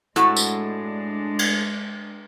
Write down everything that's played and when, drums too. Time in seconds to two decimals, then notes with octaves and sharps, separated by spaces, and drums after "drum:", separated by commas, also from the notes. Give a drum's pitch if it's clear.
0.16 A2 G#3 D4 F#4 A4, drum: hi-hat
0.37 drum: tambourine
1.39 drum: cymbal